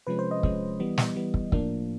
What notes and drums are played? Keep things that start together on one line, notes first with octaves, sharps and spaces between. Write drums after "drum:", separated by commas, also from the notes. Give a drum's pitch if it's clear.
C3 F3 G#3 C#4 B4
C5
D#5
C3 F3 G#3 C#4, drum: kick
E3 G3 B3
drum: snare
E3 G3 B3
drum: kick
A2 F3 A#3 D4, drum: kick